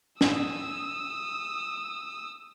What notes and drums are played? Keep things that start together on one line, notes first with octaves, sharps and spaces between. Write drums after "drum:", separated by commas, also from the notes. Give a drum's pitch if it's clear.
D#6 E6, drum: snare